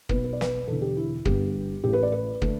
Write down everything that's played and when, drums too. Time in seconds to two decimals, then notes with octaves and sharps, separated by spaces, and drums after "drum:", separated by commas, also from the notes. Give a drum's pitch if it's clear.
0.09 B1 B2 B3 B4, drum: kick
0.24 B4
0.33 D5
0.41 B4, drum: snare
0.67 E1 E2 D3 A4
0.82 G4
0.97 E4
1.25 G1 G2 G3 B3 G4, drum: kick
1.84 A1 A2 A3 G4
1.93 B4
2.03 D5
2.12 B4
2.42 D3 A3, drum: kick